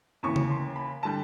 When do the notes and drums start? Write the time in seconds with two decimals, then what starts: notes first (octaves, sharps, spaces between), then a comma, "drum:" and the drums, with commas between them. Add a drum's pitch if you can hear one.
0.23 D#2 C#3 E3 C#6
0.36 drum: tom
0.50 C6
0.76 B5
1.03 D3 G3 A5